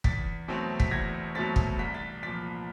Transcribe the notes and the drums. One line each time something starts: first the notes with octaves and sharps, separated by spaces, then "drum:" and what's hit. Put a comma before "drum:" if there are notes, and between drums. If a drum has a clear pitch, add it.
E2 A6 B6, drum: kick
B2 F#3 A3 C4
B6, drum: kick
E2 G#6 A#6
B2 F#3 A3 C4 A6 B6
drum: kick
C2 B6
A6 B6
A#2 F3 A6 B6